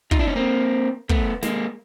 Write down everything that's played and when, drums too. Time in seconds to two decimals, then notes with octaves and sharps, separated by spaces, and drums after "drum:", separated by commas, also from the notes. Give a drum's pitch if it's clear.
0.11 D#4 F4, drum: kick
0.19 D4 E4
0.27 C#4 D#4
0.36 A#3 C4
1.09 A3 B3, drum: kick
1.43 G#3 A#3, drum: snare